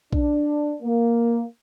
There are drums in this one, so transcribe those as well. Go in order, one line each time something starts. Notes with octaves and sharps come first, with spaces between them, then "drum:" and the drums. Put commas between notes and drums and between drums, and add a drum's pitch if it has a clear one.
D4, drum: kick A#1
A#3